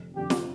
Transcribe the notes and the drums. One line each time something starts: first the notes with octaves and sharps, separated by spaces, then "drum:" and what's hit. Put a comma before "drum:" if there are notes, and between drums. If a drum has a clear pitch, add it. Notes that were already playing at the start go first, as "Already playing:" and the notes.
Already playing: F1 F2 D3
F1 F2 D3 G4
drum: snare